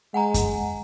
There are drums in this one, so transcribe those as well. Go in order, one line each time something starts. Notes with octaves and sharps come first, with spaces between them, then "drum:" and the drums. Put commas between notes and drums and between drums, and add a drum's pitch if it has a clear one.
G#3 F#5 G#5 A#5
drum: kick F#2, hi-hat